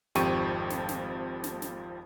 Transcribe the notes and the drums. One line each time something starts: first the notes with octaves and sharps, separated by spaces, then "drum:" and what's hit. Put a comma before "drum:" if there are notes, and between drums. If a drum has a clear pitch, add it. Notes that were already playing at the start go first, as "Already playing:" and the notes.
G#1 F2 F3 G4 C#6 D#7, drum: snare
drum: snare
drum: snare
drum: snare
drum: snare